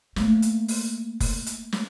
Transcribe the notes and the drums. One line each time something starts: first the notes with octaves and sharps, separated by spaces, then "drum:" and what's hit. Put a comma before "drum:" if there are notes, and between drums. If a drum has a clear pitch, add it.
A3 A#3, drum: snare
drum: hi-hat
drum: open hi-hat
drum: kick F1, open hi-hat
drum: hi-hat
drum: snare